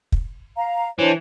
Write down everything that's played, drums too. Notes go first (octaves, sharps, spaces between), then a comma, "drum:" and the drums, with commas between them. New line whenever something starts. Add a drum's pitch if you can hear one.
drum: kick
F5 A#5
E3 D4 C5 C#5